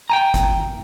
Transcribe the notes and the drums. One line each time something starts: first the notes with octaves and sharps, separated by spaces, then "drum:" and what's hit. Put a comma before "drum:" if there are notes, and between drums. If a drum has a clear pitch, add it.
G5 G#5 A#5
drum: kick G1, hi-hat